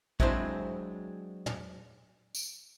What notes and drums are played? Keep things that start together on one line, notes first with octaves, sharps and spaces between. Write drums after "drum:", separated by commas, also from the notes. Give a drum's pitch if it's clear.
F#3 G#3 C4 D4 E4 C5, drum: kick
drum: tom
drum: tambourine